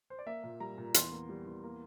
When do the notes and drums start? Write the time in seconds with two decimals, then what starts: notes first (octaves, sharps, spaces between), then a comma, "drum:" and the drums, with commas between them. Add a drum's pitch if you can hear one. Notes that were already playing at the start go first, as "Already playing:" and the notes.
0.10 C5
0.19 D5
0.26 A#3 E5
0.44 A#2
0.60 G3 A#5
0.78 A#2
0.94 E2 C6, drum: hi-hat
1.12 A#3
1.29 G3
1.46 E2
1.63 A#3